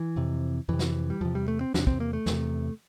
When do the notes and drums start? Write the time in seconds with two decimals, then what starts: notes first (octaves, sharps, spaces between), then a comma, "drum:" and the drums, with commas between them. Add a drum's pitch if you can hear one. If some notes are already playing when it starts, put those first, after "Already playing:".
Already playing: E3
0.16 F2 C3
0.69 F2 C3 E3
0.79 drum: snare
1.10 G3
1.21 E2 C3 F3
1.35 G3
1.48 A3
1.61 C4
1.74 E2 C3 D4, drum: snare
1.87 C4, drum: kick
2.00 A#3
2.13 A3
2.26 E2 C3, drum: snare